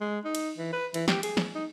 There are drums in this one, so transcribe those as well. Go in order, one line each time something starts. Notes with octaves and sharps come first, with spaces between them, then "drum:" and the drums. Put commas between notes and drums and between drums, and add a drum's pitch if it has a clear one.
G#3
D#4
drum: cymbal
E3
B4
E3, drum: cymbal
G4, drum: snare
G#4, drum: cymbal
drum: snare
D#4